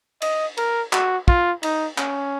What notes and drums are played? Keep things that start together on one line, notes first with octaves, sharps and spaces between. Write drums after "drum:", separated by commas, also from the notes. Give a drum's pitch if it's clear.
D#5, drum: cymbal
A#4, drum: cymbal
F#4, drum: clap
F4, drum: kick
D#4, drum: cymbal
C#4, drum: clap